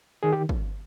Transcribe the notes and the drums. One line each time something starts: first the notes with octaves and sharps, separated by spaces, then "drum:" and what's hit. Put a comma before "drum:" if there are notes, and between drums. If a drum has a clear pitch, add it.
D#3 G#4
G4
drum: kick